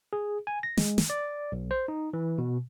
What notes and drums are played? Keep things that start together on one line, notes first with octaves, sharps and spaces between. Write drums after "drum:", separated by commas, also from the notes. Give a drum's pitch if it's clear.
G#4
G#5
A#6
G#3, drum: snare
drum: snare
D5
B1
C5
D#4
E3
B2